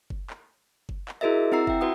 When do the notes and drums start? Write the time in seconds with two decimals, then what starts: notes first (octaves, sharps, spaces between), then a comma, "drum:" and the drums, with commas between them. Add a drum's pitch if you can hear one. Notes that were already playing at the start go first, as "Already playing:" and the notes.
0.10 drum: kick F#1
0.30 drum: clap
0.89 drum: kick F#1
1.08 drum: clap
1.21 E4 F#4 G#4 A#4 D#5 E5
1.52 C4 E4 F#5 A#5 E6 C7
1.67 E5 G5, drum: kick F#1
1.81 F#4 B4 F#5 D#6